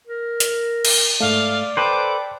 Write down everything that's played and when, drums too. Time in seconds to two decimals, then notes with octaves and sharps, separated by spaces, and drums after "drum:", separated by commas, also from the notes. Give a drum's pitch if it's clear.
0.07 A#4
0.40 drum: hi-hat
0.85 drum: cymbal
1.21 G#2 A3 D5 F5
1.77 A4 B4 C5 G5 D6 F#6